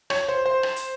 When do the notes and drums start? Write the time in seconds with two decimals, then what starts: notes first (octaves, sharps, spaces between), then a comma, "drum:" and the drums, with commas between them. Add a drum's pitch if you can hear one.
0.10 C#5, drum: rim click
0.29 C5
0.46 C5
0.63 drum: rim click
0.76 drum: hi-hat